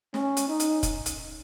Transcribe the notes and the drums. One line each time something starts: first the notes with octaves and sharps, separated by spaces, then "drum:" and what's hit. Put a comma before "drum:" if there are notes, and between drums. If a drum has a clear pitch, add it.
C#4, drum: snare
drum: hi-hat
D#4
drum: hi-hat
drum: kick, hi-hat
drum: hi-hat